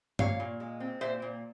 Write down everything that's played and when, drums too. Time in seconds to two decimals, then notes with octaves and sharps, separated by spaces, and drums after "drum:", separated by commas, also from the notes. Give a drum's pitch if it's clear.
0.19 A#2 C#5 F5, drum: tom G2
0.40 A#2
0.60 G#3
0.80 C4
1.01 A#2 C5 E5
1.22 A#2